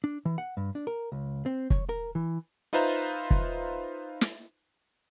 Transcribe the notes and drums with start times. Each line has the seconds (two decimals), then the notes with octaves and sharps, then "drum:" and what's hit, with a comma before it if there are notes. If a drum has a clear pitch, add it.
0.04 D4
0.25 E3
0.38 F#5
0.57 G2
0.75 D4
0.87 A#4
1.12 C#2
1.46 C4
1.70 C#5, drum: kick
1.89 A#4
2.15 E3
2.73 D#4 F4 B4 C5 E5 A#5
3.31 drum: kick
4.21 drum: snare